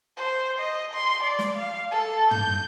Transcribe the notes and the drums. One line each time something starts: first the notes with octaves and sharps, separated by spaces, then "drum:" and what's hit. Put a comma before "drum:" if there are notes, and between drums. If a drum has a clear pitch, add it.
C5
D#5
C6
D5
drum: snare
F5
A4
G6, drum: tom